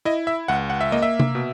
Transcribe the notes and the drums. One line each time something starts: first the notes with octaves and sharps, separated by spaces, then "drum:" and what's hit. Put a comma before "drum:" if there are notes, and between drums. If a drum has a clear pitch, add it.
E4 D#5
E5
C#2 F#5
F#5
E5
A#3 D#5
E5
drum: tom C3
B2